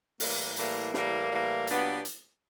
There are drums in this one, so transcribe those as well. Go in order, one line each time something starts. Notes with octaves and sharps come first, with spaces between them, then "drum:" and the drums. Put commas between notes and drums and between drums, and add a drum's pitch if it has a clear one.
A2 E3 G3 A#3, drum: open hi-hat
A2 E3 G3 A#3, drum: hi-hat
A2 E3 G3 A#3, drum: snare
A2 E3 G3 A#3
A#2 F#3 B3 D4 G4, drum: hi-hat
drum: hi-hat